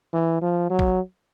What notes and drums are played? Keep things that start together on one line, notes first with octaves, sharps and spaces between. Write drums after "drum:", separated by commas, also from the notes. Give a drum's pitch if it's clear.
E3
F3
F#3
drum: kick A1